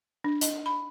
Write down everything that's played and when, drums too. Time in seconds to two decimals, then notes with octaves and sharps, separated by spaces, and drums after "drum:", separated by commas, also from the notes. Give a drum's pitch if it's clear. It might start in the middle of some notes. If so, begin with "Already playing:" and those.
0.24 D4
0.41 D#5, drum: hi-hat
0.66 B5